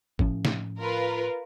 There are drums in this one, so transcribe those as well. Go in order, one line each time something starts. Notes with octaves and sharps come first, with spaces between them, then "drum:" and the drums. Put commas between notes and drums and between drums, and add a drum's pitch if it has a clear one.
A2 F3 C#4, drum: kick
drum: snare
F4 A#4 B4